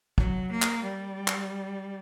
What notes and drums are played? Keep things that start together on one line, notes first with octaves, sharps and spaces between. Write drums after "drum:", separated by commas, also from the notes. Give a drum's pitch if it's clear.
F#3, drum: kick
A#3
drum: clap
G3
drum: clap